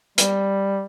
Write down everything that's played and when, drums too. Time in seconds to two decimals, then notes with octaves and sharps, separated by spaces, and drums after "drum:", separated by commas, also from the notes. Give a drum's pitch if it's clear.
0.18 G3, drum: hi-hat